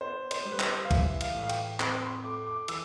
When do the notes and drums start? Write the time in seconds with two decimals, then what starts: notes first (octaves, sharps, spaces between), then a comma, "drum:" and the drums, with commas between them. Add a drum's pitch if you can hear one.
0.01 B3 C5
0.31 C5, drum: cymbal
0.45 G3
0.52 B4
0.60 C5, drum: clap
0.85 F5
0.91 E3 E5, drum: kick B1, cymbal
1.21 F5, drum: cymbal
1.34 A2
1.44 F5
1.49 G5, drum: cymbal
1.80 C4 B5, drum: clap
2.03 C6
2.24 A3 D6
2.47 D6
2.68 E3 E6, drum: cymbal